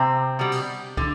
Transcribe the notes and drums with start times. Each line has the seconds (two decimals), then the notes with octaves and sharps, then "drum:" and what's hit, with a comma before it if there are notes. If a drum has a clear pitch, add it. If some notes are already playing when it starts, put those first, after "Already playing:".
Already playing: C3 C4
0.39 B2 G3
0.52 drum: cymbal
0.97 D3, drum: kick